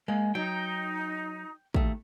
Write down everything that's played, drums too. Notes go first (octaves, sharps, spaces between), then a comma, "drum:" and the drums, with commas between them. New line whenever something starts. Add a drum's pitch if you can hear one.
G#3 A#3
F#3 D#4 G5
D#2 A3, drum: kick